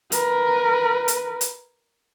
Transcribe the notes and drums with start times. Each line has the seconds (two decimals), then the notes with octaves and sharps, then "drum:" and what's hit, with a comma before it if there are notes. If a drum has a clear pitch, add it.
0.12 A#4 B4, drum: hi-hat
1.08 drum: hi-hat
1.41 drum: hi-hat